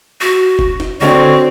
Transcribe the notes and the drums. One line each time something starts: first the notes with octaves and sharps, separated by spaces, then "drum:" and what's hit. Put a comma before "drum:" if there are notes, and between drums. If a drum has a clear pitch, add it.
F#4
drum: kick
drum: snare
D3 C4 F#4 C#5